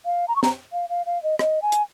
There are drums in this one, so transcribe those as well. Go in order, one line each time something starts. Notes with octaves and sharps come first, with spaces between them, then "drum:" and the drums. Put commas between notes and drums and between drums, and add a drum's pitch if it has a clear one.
F5
A#5
C#6
A#5, drum: snare
F5
F5
F5
D#5
D#5, drum: rim click
G#5
drum: hi-hat